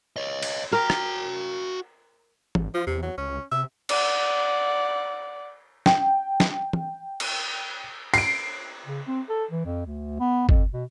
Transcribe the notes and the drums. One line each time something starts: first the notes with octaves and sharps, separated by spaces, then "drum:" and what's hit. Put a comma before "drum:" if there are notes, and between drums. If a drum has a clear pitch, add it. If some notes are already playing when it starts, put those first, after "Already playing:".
C#5 D#5
drum: cymbal
F#4 A#4 G5
drum: rim click
G#1, drum: tom
F3 F4
E2 C3
F#3
C#2 C#4
C3 E5
D5 F#5, drum: cymbal
G5, drum: snare
drum: snare
drum: tom
drum: cymbal
C7 D7, drum: cymbal
C#3
C4
A4
E3
F2
D2
B3
F2, drum: kick
B2